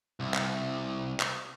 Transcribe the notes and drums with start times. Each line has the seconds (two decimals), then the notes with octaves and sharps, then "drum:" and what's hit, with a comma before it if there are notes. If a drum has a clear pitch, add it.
0.20 C2
0.34 drum: clap
1.20 drum: clap